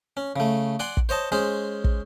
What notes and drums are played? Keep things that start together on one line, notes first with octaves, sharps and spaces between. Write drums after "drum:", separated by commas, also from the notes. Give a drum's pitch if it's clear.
C#4
C#3 A3
D5 F#5 G#5 C6
drum: kick
C5 C#5 D#5 A5
G#3 C#4 G#4 C5
drum: kick